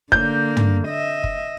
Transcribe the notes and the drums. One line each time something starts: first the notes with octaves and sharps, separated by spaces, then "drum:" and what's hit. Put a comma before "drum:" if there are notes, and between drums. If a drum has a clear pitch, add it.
D3 A#3 G6, drum: kick
drum: tom
D#5 E5
drum: kick